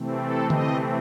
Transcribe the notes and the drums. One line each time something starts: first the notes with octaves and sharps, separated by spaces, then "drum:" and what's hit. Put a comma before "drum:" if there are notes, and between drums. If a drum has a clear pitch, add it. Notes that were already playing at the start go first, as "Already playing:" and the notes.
Already playing: C3 E3 A3 C4
A4
D#5, drum: tom D3